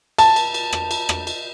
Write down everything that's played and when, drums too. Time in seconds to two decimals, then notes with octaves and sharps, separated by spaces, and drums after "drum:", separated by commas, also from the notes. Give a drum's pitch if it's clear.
0.18 A5, drum: cymbal
0.36 drum: cymbal
0.54 drum: cymbal
0.73 drum: rim click
0.91 drum: cymbal
1.09 drum: rim click
1.27 drum: cymbal